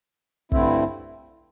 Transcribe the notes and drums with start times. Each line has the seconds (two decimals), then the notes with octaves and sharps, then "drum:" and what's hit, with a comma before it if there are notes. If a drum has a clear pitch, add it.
0.52 G2 D3 A3 C4 E4, drum: kick